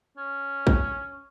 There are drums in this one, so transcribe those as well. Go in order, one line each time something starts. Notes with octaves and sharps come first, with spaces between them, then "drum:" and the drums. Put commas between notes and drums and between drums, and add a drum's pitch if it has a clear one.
C#4
drum: kick